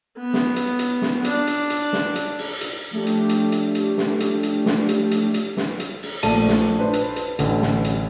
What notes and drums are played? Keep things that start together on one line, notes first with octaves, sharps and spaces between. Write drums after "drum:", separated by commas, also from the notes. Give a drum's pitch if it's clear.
B3
drum: snare
drum: hi-hat
drum: hi-hat
drum: snare
D4, drum: hi-hat
drum: hi-hat
drum: hi-hat
drum: snare
drum: hi-hat
drum: open hi-hat
drum: hi-hat
F3 A3 D4 G4
drum: hi-hat
drum: hi-hat
drum: hi-hat
drum: hi-hat
drum: snare
drum: hi-hat
drum: hi-hat
drum: snare
drum: hi-hat
drum: hi-hat
drum: hi-hat
drum: snare
drum: hi-hat
drum: open hi-hat
A#1 A3 A#3 D5 A5 D#7, drum: hi-hat
drum: snare
D4 B4 C5
drum: hi-hat
drum: hi-hat
A1 D3, drum: hi-hat
drum: snare
drum: hi-hat